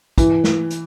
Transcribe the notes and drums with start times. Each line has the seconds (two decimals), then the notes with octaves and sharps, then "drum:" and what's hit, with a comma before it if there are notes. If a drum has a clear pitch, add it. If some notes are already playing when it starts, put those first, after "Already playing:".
0.18 E3, drum: kick, hi-hat
0.44 drum: snare
0.70 drum: hi-hat